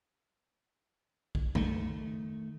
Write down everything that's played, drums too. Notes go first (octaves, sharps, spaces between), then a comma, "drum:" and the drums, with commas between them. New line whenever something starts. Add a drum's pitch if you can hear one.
drum: kick B1
D#3 A3, drum: tom F2